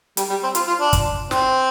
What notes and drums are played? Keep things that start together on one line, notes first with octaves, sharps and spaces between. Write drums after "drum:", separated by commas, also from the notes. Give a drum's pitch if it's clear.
G3, drum: hi-hat
G3
C4
F4, drum: hi-hat
F4
D4
drum: kick, hi-hat
C4, drum: snare